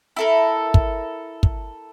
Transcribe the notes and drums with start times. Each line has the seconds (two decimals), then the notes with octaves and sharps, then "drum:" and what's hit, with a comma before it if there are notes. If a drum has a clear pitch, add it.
0.16 E4 A4 A#4
0.74 drum: kick
1.43 drum: kick